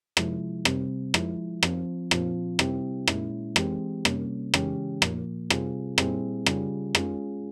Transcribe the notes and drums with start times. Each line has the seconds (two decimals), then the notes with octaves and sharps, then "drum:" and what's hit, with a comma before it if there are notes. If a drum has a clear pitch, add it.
0.17 C3 F3 G#3 E4, drum: rim click
0.65 C3 G3 C4, drum: rim click
1.14 F3 G#3 E4, drum: rim click
1.63 F3 C4 F4, drum: rim click
2.11 A#2 F3 C4 F4, drum: rim click
2.59 C3 G3 C4 E4 G4, drum: rim click
3.07 A#2 G#3 C#4 E4, drum: rim click
3.56 E3 G#3 C4 G4, drum: rim click
4.05 C3 G3 A#3 C#4, drum: rim click
4.54 C#3 E3 G#3 C#4 G4, drum: rim click
5.02 A#2 F3 A#3, drum: rim click
5.50 C3 G3 C4 F4 G#4, drum: rim click
5.98 A#2 G3 C4 E4 G#4, drum: rim click
6.46 C#3 G3 C#4 F4 G#4, drum: rim click
6.95 G#3 C#4 F4 G#4, drum: rim click